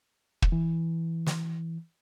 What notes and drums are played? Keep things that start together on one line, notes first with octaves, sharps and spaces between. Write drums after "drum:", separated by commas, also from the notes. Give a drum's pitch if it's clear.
drum: kick
E3
drum: snare